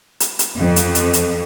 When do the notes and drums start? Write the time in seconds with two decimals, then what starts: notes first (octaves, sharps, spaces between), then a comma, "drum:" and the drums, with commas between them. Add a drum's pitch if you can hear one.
0.20 drum: hi-hat
0.39 drum: hi-hat
0.58 F2
0.76 drum: hi-hat
0.95 drum: hi-hat
1.13 drum: hi-hat